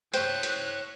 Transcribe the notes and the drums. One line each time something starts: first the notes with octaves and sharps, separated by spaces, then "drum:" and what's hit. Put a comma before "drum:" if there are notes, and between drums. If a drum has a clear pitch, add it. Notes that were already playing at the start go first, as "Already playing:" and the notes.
C5 C#5 G5 F#6, drum: hi-hat
drum: hi-hat